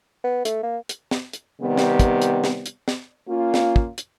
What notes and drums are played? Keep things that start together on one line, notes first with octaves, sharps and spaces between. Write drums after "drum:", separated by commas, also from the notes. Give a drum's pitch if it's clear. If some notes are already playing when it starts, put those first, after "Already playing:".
B3
A3, drum: hi-hat
A#3
drum: hi-hat
drum: snare
drum: hi-hat
C3 D#3 G3 B3
drum: snare
drum: kick, hi-hat
drum: hi-hat
drum: snare
drum: hi-hat
drum: snare
A#3 C#4 F4
drum: snare
drum: kick
drum: hi-hat